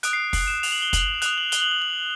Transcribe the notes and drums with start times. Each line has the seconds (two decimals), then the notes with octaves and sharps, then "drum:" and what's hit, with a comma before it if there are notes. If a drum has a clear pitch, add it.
0.03 D#6 F#6 D7, drum: hi-hat
0.13 C7
0.33 C7, drum: kick, open hi-hat
0.47 E7
0.63 F7, drum: open hi-hat
0.72 F#7
0.82 G7
0.93 F#7, drum: kick, hi-hat
1.22 D#6 F#6 F7, drum: hi-hat
1.38 F#7
1.52 G7, drum: hi-hat
1.61 F#7
1.72 F#7
1.82 F#7